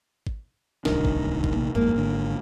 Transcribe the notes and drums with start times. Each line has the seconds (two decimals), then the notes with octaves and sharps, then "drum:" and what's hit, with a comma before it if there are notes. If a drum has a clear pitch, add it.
0.27 drum: kick G#1
0.85 D1 C2 D#3 D4, drum: snare
1.05 drum: kick G#1
1.44 drum: kick G#1
1.56 A#1 C3 A#3
1.75 G1 F2 G#2 A#3
1.94 G#1 G#2 D3